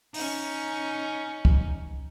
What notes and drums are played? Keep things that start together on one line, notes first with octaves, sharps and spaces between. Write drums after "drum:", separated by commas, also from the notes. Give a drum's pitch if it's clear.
C#4 D#4, drum: open hi-hat
drum: kick